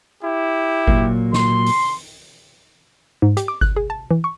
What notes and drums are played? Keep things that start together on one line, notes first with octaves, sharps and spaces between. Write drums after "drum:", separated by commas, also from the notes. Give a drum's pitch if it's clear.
E4 G4
A#2 F#3 A#3, drum: kick G1
C6, drum: snare
drum: open hi-hat
G#2
G4, drum: hi-hat
D6
F#6, drum: kick G1
G#4
A5
E3
C#6